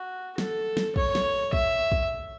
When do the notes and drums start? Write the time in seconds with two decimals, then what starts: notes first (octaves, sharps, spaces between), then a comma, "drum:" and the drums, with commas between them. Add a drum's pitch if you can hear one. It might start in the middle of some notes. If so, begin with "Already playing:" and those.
Already playing: F#4
0.38 A4, drum: snare
0.77 drum: snare
0.96 C#5, drum: kick
1.15 drum: snare
1.53 E5, drum: kick
1.92 drum: kick